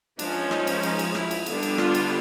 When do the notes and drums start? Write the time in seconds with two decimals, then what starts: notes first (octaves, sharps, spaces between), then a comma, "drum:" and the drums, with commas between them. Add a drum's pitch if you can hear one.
0.19 F3 G#3 C#4 D4, drum: cymbal
0.51 D#4, drum: rim click
0.67 drum: cymbal
0.83 D#4, drum: cymbal
0.99 drum: cymbal
1.15 E4, drum: rim click
1.31 drum: cymbal
1.46 D3 G3 B3 D4, drum: cymbal
1.63 drum: cymbal
1.78 F4, drum: rim click
1.94 drum: cymbal